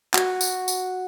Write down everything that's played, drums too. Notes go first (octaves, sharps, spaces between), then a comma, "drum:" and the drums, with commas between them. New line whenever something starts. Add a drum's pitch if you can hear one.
F#4, drum: clap
drum: tambourine
drum: tambourine